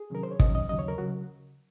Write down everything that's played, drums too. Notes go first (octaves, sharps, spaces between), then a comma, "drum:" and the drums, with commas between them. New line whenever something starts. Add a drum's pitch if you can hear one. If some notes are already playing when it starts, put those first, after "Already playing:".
Already playing: G#4
C3 D#3 F#3 C#4 A#4
C5
C#5
C3 D#3 F#3 C#4 D#5, drum: kick
D#5
D#2 C#3 F#3 D#5
C#5
A#4
C#3 F#3 F#4